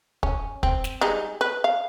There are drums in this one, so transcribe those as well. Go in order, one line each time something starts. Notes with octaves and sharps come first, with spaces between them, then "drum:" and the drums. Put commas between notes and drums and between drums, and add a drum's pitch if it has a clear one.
C#4, drum: kick
C4, drum: kick
drum: snare
G3 G#3 D#4
B4
F5